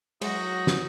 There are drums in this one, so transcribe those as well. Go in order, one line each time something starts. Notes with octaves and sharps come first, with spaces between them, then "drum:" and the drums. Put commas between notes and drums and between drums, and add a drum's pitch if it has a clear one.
F#3 G#3 D#4 F#4 A#6, drum: cymbal
drum: snare